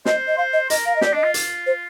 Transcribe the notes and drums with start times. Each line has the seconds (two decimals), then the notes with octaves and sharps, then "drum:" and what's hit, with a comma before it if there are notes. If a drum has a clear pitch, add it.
0.06 C5 D#5, drum: snare
0.27 D#5
0.37 C5 F5
0.53 D#5
0.70 A#4 D#5, drum: hi-hat
0.86 A#4 F5
0.96 D#5
1.01 G4 D5, drum: snare
1.13 D4 D#5
1.23 F4
1.34 drum: hi-hat
1.67 C5